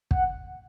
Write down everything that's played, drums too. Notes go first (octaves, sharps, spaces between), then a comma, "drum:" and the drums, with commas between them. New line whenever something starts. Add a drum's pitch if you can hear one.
F#5, drum: kick